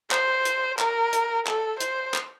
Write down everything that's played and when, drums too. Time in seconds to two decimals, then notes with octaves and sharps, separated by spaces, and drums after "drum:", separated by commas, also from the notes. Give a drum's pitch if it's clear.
0.11 C5, drum: clap
0.45 drum: hi-hat
0.79 A#4, drum: clap
1.13 drum: hi-hat
1.47 A4, drum: clap
1.80 C5, drum: hi-hat
2.14 drum: clap